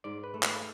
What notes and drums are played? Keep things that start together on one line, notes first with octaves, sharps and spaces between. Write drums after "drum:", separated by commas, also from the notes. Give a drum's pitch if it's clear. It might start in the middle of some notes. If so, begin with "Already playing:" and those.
G#2 D5
B4
A3
B4, drum: clap